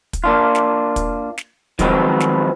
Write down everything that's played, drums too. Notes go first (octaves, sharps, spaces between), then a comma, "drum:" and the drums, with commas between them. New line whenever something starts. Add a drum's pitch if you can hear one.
drum: kick, hi-hat
A#3 D4 F4
drum: snare
drum: kick, hi-hat
drum: snare
D#3 F3 F#3 G#3 B3 C4, drum: kick, hi-hat
drum: snare